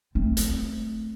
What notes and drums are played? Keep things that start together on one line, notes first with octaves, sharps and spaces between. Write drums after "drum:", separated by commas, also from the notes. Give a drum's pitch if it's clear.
A3 C4
drum: hi-hat